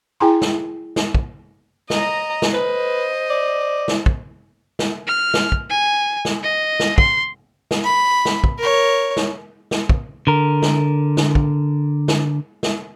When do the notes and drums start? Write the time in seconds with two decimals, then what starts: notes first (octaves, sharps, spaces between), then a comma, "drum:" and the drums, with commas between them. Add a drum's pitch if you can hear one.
0.20 E4 G#4 G5 G#5 A#5 C6
0.42 drum: snare
0.96 drum: snare
1.15 drum: kick
1.90 D#5 A#5, drum: snare
2.42 drum: snare
2.54 B4 C5 D#5
3.30 D5
3.88 drum: snare
4.06 drum: kick
4.79 drum: snare
5.07 F6
5.34 drum: snare
5.52 drum: kick
5.70 G#5
6.25 drum: snare
6.43 D#5
6.80 drum: snare
6.98 C6, drum: kick
7.71 drum: snare
7.83 B5
8.25 drum: snare
8.44 drum: kick
8.58 A#4 C#5
9.17 drum: snare
9.71 drum: snare
9.89 drum: kick
10.27 D3 A#4
10.62 drum: snare
11.17 drum: snare
11.35 drum: kick
12.08 drum: snare
12.63 drum: snare